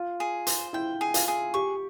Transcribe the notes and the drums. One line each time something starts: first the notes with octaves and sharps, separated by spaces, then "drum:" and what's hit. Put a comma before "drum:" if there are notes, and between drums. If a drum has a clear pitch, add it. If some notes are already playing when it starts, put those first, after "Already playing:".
Already playing: F4
G#4
C5, drum: hi-hat
E4 G5
G#4
F4, drum: hi-hat
G#4
G4 C#6